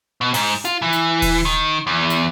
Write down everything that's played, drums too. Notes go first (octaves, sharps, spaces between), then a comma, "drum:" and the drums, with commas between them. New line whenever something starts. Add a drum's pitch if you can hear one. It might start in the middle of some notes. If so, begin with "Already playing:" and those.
B2
G#2, drum: open hi-hat
F4, drum: hi-hat
E3
drum: hi-hat
drum: kick D#1, open hi-hat
D#3
E2
drum: hi-hat